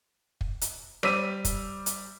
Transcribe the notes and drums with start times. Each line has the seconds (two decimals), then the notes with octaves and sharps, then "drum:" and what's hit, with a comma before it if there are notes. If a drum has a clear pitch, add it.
0.41 drum: kick
0.61 drum: hi-hat
1.03 G3 C5 D6 E6 B6 D#7, drum: rim click
1.45 drum: kick, hi-hat
1.86 drum: hi-hat